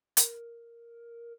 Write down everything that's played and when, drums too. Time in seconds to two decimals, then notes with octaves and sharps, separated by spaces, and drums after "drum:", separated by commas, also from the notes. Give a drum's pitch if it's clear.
0.17 A#4, drum: hi-hat